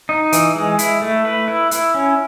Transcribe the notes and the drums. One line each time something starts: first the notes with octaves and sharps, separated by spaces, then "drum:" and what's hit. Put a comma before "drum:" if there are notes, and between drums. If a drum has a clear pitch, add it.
D#4
E3, drum: hi-hat
G#3
E4, drum: hi-hat
A3
B4
E4
E4, drum: hi-hat
C#4